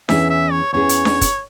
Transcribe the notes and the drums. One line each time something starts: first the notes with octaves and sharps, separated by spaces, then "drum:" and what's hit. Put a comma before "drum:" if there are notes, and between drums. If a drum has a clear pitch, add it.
E2 E3 C#4 E4 G#4 E5, drum: snare D4
E5
C#5
E2 E3 C#4 E4 G#4 C#5
drum: hi-hat
drum: snare D4
drum: kick, hi-hat